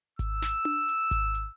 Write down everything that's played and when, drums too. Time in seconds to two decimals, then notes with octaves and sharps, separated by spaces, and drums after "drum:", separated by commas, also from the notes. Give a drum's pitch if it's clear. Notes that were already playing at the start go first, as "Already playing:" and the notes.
0.19 E6, drum: kick G#1, hi-hat
0.42 drum: snare
0.65 drum: tom D4
0.88 drum: hi-hat
1.11 drum: kick G#1, hi-hat
1.34 drum: hi-hat